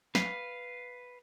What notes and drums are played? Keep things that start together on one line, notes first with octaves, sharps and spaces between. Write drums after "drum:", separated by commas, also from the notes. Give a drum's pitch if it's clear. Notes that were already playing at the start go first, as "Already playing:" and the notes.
B4 F5, drum: snare